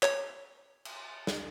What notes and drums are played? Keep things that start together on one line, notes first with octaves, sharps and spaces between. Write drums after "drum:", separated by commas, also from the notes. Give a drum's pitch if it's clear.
C#5, drum: clap
drum: cymbal
drum: snare